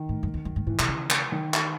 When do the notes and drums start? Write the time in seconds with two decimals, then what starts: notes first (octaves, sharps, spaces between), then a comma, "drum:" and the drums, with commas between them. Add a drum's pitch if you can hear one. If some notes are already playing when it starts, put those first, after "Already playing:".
Already playing: D#3
0.09 A2
0.23 F#2
0.34 E2
0.45 F#2
0.56 G#2
0.67 A2 E3
0.79 B2, drum: clap
0.89 C#3
1.10 drum: clap
1.32 D#3
1.54 drum: clap